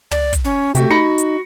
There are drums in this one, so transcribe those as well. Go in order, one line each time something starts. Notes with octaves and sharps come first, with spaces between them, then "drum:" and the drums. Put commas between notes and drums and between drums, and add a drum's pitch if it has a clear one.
D5, drum: tom
drum: kick, hi-hat
C#4
C3 A3 F#4 G4, drum: hi-hat
D#4 B5 A#6 C#7
drum: hi-hat